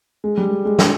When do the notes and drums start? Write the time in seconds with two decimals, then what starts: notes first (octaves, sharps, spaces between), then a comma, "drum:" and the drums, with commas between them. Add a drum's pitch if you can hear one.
0.24 G#3
0.37 G3
0.51 G#3
0.65 G#3
0.79 drum: snare